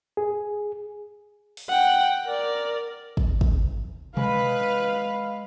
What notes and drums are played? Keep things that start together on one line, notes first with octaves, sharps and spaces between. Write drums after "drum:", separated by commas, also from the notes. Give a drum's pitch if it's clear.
G#4
drum: open hi-hat
F#5 G5
A#4 D5
drum: kick
drum: kick
G#3 B4 F5, drum: tom B2